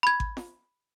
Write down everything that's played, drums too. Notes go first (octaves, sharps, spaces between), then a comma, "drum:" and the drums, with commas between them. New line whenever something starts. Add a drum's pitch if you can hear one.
B5 G#6
drum: kick G#1
drum: snare